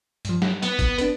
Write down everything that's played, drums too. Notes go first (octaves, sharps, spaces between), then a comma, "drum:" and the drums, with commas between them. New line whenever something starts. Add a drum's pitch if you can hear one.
G2 F3, drum: hi-hat
F#5, drum: snare
B3, drum: hi-hat
drum: kick, hi-hat
D4 B4, drum: hi-hat